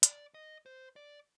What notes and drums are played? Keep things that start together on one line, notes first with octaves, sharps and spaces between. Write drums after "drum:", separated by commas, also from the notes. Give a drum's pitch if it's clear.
D5, drum: hi-hat
D#5
C5
D5